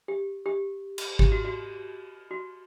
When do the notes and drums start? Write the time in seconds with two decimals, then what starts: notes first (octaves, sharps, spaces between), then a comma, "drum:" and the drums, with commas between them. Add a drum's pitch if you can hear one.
0.08 G4
0.46 G4
0.98 drum: cymbal
1.19 G4, drum: kick G#1
1.32 F#4
1.45 F#4
2.31 F#4